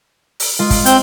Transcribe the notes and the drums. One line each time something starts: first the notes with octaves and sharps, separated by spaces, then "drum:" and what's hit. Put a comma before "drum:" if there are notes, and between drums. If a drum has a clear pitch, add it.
drum: open hi-hat
G#3 F4 C6
drum: kick, open hi-hat
C4 G6, drum: hi-hat